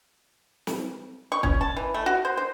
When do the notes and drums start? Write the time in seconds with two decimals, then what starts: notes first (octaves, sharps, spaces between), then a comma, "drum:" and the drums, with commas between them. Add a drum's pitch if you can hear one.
0.67 drum: snare
1.32 C#6
1.43 C#4, drum: kick
1.61 A5
1.76 E3
1.94 A3
2.06 F#4
2.25 C5
2.37 C5